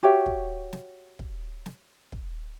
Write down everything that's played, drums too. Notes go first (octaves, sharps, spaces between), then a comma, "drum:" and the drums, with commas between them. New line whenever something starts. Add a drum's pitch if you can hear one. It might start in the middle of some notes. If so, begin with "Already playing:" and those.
F#4 G4 C#5 E5
drum: kick
drum: snare
drum: kick
drum: snare
drum: kick